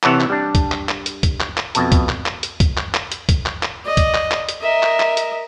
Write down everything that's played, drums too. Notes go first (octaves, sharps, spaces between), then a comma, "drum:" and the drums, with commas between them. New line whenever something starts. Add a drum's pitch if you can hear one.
C3 E3 C#5 F#5 A5, drum: clap
drum: clap
G3 D4
drum: kick, hi-hat
drum: clap
drum: clap
drum: hi-hat
drum: kick, hi-hat
drum: clap
drum: clap
F2 B2 A5, drum: hi-hat
drum: kick, hi-hat
drum: clap
drum: clap
drum: hi-hat
drum: kick, hi-hat
drum: clap
drum: clap
drum: hi-hat
drum: kick, hi-hat
drum: clap
drum: clap
D5 D#5
drum: kick, hi-hat
drum: clap
drum: clap
drum: hi-hat
A#4 D#5 E5
drum: clap
drum: clap
drum: hi-hat